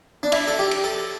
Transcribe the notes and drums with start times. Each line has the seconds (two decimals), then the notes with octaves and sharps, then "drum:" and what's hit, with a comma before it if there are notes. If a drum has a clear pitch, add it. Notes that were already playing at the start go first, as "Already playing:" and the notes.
0.23 D4
0.32 E4, drum: cymbal
0.48 A4
0.59 G4
0.71 drum: cymbal
0.84 A4